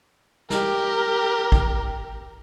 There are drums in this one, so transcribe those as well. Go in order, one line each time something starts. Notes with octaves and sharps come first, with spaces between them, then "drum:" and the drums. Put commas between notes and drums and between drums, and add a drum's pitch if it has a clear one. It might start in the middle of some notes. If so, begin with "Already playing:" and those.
G4 A#4, drum: snare
drum: kick